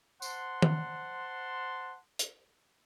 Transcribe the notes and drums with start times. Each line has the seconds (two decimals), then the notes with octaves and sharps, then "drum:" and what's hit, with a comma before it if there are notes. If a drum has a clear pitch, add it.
0.22 C5 F#5 A5 C6, drum: tambourine
0.62 drum: tom
2.19 drum: hi-hat